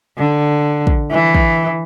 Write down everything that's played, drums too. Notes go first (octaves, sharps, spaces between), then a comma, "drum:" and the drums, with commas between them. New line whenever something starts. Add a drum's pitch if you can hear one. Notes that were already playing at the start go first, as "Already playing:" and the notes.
D3
drum: kick
E3
drum: kick